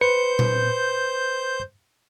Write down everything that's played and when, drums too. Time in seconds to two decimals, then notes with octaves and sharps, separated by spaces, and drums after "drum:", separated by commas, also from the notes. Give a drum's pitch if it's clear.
0.01 B4 C5 G6 C#7
0.39 drum: tom A#2